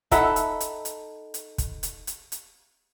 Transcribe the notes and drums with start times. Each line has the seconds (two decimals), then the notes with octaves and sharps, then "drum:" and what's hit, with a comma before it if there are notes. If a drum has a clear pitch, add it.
0.12 D#4 A4 E5 F#5 B5, drum: kick, hi-hat
0.36 drum: hi-hat
0.60 drum: hi-hat
0.85 drum: hi-hat
1.34 drum: hi-hat
1.58 drum: kick, hi-hat
1.83 drum: hi-hat
2.07 drum: hi-hat
2.32 drum: hi-hat